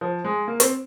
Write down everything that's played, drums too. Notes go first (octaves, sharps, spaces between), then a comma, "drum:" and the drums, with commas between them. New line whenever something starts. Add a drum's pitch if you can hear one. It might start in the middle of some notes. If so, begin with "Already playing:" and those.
F3
G#3
A#3
C4, drum: hi-hat